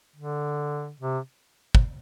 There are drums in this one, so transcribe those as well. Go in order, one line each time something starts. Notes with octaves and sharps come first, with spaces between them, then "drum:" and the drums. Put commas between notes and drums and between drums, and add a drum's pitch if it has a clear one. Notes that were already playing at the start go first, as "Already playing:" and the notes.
D3
C3
drum: kick